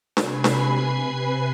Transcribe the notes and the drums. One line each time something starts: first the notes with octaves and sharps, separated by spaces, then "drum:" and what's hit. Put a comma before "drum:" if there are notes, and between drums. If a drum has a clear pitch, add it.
C3 B4 G#5 B5 G#6 C7, drum: snare D4
drum: snare D4